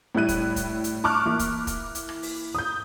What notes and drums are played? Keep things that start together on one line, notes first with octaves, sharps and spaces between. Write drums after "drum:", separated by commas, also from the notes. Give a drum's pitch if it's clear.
A2 G3 E4 F#6 D#7
drum: kick, hi-hat
drum: kick, hi-hat
drum: hi-hat
A5 C#6 D6 F6 F#6
E3 A#3 E4
drum: kick, hi-hat
drum: kick, hi-hat
drum: hi-hat
drum: rim click
drum: open hi-hat
D#6 G6